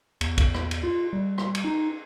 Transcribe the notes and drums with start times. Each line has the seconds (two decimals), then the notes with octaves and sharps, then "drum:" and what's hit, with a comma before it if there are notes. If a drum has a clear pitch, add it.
0.21 E2, drum: cymbal
0.38 drum: kick A#1, cymbal
0.54 drum: rim click
0.71 drum: cymbal
0.83 F4
1.13 G3
1.38 drum: rim click
1.55 drum: cymbal
1.64 D#4